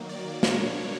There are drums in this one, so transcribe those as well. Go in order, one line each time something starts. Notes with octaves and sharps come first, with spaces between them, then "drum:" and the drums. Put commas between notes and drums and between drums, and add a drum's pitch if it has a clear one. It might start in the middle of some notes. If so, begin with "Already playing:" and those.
Already playing: D#3 F#3 A#3
D5
B2 F#3 A#3 D4 C#5, drum: snare